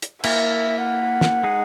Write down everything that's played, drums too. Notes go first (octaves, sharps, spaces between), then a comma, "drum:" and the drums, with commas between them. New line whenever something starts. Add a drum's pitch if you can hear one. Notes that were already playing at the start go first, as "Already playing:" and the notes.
drum: hi-hat
A#3 E4 A#4 E5, drum: cymbal
F#5
drum: snare
G#3 D#4 G#4